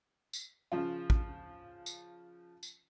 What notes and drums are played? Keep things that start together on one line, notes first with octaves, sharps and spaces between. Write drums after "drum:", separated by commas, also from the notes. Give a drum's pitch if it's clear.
drum: tambourine
C#3 F3 F4
drum: kick A1
drum: tambourine
drum: tambourine